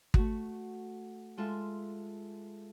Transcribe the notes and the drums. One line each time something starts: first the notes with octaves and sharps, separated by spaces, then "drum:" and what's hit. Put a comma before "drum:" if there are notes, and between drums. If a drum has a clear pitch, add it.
A3 F#4, drum: kick
G#3 F4 A4 E5 F5